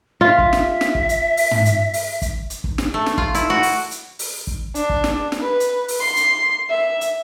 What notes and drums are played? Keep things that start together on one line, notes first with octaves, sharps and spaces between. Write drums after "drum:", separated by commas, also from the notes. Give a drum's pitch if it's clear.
F4 E5
drum: kick
drum: snare
drum: snare
drum: kick
drum: hi-hat
drum: open hi-hat
drum: tom
drum: hi-hat
drum: open hi-hat
drum: kick, hi-hat
drum: hi-hat
drum: kick
drum: snare
A3
drum: snare
F4, drum: kick
E4, drum: hi-hat
F#4
drum: open hi-hat
drum: hi-hat
drum: open hi-hat
drum: kick
D4, drum: hi-hat
drum: kick
drum: snare
drum: snare
B4
drum: hi-hat
drum: open hi-hat
C6
drum: hi-hat
E5
drum: hi-hat